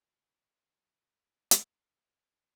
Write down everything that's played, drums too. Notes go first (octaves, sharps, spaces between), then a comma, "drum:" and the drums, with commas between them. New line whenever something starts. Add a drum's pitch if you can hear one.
A#5 B5
drum: hi-hat